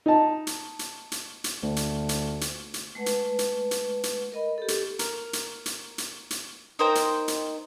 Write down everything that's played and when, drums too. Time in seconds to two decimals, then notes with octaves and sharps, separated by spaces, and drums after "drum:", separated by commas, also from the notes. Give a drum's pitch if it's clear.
0.06 D#4 A5
0.47 drum: hi-hat
0.79 drum: hi-hat
1.12 drum: hi-hat
1.44 drum: hi-hat
1.63 D2
1.76 drum: hi-hat
2.09 drum: hi-hat
2.41 drum: hi-hat
2.74 drum: hi-hat
2.95 G#3 A3 B4 F#5
3.06 drum: hi-hat
3.39 drum: hi-hat
3.71 drum: hi-hat
4.03 drum: hi-hat
4.32 A#4 D#5 B5
4.58 G4 A4
4.68 drum: hi-hat
4.99 A#4, drum: hi-hat
5.33 drum: hi-hat
5.66 drum: hi-hat
5.98 drum: hi-hat
6.30 drum: hi-hat
6.79 D#4 A#4 C5 G5
6.95 drum: hi-hat
7.28 drum: hi-hat